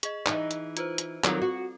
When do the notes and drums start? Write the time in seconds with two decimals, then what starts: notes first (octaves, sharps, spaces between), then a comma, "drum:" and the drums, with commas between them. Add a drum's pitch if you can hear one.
0.03 G#4 D#5, drum: hi-hat
0.26 E3 D#4, drum: clap
0.51 drum: hi-hat
0.77 F4 B4 C5, drum: hi-hat
0.98 drum: hi-hat
1.24 D#3 F#3 C4 F4 A4, drum: clap
1.42 F#4